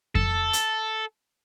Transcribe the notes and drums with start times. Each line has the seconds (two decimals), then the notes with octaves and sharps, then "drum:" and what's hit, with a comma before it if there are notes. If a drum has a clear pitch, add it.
0.15 A4, drum: kick F2
0.53 drum: hi-hat